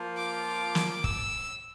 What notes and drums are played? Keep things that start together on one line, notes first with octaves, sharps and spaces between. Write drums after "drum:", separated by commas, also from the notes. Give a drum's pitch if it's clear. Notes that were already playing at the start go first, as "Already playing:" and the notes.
Already playing: F3 A#3 F4
D6
drum: snare
E6, drum: kick